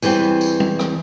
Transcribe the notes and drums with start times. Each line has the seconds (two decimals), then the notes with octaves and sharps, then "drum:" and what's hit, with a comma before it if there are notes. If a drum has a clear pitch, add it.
0.02 E2 E3 G3 C4 G5, drum: tambourine
0.41 drum: tambourine
0.60 drum: tom
0.79 drum: rim click